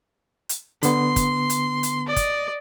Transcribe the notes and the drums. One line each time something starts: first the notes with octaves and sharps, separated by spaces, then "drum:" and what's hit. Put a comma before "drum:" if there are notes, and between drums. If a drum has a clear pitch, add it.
drum: hi-hat
D3 B3 C6, drum: hi-hat
drum: kick, hi-hat
drum: hi-hat
drum: hi-hat
D5 D#5
drum: kick, hi-hat